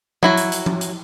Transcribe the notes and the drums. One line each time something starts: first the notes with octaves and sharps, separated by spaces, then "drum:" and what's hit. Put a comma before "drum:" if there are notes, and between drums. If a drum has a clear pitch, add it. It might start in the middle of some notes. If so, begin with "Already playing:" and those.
F#3 E4 F#4, drum: tom F3
drum: hi-hat
drum: hi-hat
drum: tom F3
drum: hi-hat